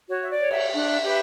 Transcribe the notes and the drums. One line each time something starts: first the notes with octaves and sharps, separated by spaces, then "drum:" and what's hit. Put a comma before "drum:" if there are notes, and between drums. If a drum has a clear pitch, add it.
F#4 C#5
E5
D5
C#5
E5, drum: cymbal
D4
G4 B4